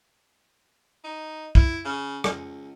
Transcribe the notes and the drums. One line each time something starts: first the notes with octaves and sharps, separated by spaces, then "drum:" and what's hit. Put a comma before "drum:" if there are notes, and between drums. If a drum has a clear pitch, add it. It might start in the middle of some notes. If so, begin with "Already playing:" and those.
D#4
E4, drum: kick
C#3
C#2, drum: rim click